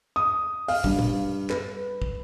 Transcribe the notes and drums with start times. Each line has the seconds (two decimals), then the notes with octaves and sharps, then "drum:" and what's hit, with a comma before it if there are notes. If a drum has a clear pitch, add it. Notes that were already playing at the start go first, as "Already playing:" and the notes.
0.16 D#6
0.68 F5, drum: open hi-hat
0.84 G2, drum: kick
0.99 drum: tom A#2
1.50 B4, drum: clap
2.02 drum: kick